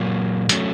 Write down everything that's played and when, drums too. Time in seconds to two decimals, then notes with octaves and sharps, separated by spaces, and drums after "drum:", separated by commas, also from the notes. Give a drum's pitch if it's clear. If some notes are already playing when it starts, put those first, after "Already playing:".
Already playing: A#2 F#3 A#3
0.49 F#3 A3 C#4, drum: hi-hat